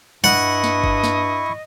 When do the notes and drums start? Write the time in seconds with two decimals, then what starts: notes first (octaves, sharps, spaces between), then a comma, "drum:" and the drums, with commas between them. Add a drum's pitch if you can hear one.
0.24 G2 E4 D#5 F#5 C#6
0.64 drum: snare
0.84 drum: kick F#1
1.04 drum: snare